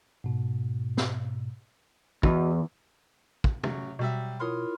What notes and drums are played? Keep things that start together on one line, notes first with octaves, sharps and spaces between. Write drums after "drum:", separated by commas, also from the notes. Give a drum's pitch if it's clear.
G#2 B2
drum: snare
E2 F#4 D#5, drum: kick
drum: kick
A1 C#3 F#3, drum: tom
B2 F#3 G3 E5
E4 F4 A#4 C#5 C6 D#6